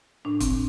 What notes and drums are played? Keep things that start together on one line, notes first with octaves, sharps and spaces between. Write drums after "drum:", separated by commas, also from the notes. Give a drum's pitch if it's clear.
A2 D4
C4, drum: kick, hi-hat